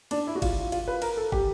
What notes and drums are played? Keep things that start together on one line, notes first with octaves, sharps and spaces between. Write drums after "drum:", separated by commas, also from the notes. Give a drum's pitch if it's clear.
D4, drum: cymbal
E4
F#4
F4, drum: kick, cymbal
F4, drum: cymbal
B4
A#4, drum: cymbal
A4
G4, drum: kick